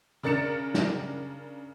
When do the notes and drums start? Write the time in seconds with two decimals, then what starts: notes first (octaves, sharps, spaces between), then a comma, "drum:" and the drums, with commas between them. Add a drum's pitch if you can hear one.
0.23 C#3 D4 A#4 A6 C#7 E7
0.74 drum: snare